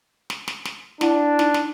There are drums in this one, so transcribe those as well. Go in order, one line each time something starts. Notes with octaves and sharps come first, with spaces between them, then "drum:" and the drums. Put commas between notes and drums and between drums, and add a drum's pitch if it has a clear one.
drum: snare
drum: snare
drum: snare
D4 E4 F#5, drum: snare
D#4, drum: snare
drum: snare